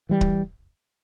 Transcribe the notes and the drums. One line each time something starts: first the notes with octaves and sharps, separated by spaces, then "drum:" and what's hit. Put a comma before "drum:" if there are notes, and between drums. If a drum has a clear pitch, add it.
E3 G3
drum: kick D1